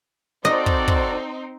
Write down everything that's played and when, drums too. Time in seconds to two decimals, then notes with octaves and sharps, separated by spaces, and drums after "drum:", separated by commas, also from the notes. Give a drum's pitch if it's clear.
0.45 C4 D#4 F#4 A4 C5 D5 D#5
0.66 drum: kick
0.88 drum: kick